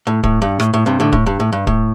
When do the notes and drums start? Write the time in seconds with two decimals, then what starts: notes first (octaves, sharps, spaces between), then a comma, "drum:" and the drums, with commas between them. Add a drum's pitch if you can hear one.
0.07 A2
0.24 A2, drum: kick
0.42 G2
0.60 A2, drum: rim click
0.74 A2
0.86 G2 C3
1.00 A2 D3
1.12 A2, drum: kick
1.26 G2
1.40 A2
1.53 G2
1.67 A2, drum: kick